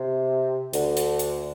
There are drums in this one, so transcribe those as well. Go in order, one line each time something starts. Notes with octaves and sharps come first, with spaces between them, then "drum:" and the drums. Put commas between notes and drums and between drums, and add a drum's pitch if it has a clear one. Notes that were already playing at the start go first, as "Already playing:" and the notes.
Already playing: C3
D2 D3, drum: hi-hat
drum: hi-hat
drum: hi-hat